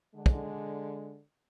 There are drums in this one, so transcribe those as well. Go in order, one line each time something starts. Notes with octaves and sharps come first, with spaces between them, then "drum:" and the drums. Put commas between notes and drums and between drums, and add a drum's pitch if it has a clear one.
D3 G#3
drum: kick